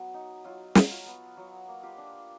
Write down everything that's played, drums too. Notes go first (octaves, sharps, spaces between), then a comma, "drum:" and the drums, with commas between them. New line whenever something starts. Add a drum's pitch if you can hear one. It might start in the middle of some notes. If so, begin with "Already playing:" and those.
Already playing: F#3 B3 F#4
D#4
F#3 F4
F#3, drum: snare
F4
B3
F#3 F#4
A#3
F4 G4
D4